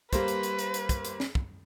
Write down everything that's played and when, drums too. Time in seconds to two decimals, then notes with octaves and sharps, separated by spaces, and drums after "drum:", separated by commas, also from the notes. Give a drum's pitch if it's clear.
0.13 G3 A#3 B4 C5, drum: kick, hi-hat
0.28 drum: hi-hat
0.43 drum: hi-hat
0.59 drum: hi-hat
0.74 drum: hi-hat
0.89 drum: kick, hi-hat
1.05 drum: hi-hat
1.20 drum: snare
1.35 drum: kick